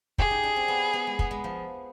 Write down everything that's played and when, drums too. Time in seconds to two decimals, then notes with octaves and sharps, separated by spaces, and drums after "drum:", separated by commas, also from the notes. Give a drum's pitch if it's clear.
0.18 G4 G#4, drum: kick
0.31 D#4
0.43 D4
0.56 C4
0.68 B3
0.93 B3
1.07 G#3
1.19 B3, drum: kick
1.31 G#3
1.44 F3